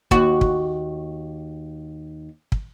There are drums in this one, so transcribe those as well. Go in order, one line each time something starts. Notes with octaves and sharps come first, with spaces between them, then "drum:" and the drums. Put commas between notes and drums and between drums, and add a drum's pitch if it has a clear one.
D#2 F#4, drum: kick
drum: kick
drum: kick